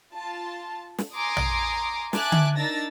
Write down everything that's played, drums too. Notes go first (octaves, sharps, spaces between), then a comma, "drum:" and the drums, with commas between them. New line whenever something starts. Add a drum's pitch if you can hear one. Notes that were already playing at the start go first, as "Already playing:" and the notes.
F4 A5
drum: snare
G#5 A#5 C6 D6 D#6
drum: tom A#1
E5 G#5 A5 D6 F#6, drum: snare
drum: tom D3
D4 D#4 A#4 E6 A6 A#6